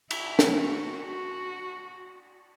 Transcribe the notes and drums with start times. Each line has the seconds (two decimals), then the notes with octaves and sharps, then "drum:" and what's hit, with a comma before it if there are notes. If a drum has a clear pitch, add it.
0.11 E4, drum: cymbal
0.39 drum: snare
0.56 F#4
1.00 F#4